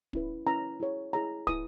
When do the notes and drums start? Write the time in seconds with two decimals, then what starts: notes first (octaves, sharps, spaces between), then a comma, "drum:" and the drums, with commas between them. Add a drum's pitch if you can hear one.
0.13 C#4 E4 B4, drum: kick
0.47 C#4 E4 B4 A#5
0.80 E4 G#4 C#5
1.13 E4 G#4 C#5 A#5
1.47 E4 B4 D#6, drum: kick